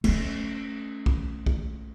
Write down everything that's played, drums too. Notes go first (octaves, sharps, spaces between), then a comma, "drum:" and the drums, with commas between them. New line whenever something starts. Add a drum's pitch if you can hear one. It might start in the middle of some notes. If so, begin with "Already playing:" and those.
A3 C#4, drum: cymbal
drum: kick B1
drum: kick B1